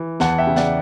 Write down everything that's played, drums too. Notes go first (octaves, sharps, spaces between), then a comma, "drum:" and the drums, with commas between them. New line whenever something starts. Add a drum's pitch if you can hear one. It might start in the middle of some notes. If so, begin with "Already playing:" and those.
Already playing: E3
E2 F#5 A5, drum: snare
E5 G5
C#3
D5 F#5, drum: snare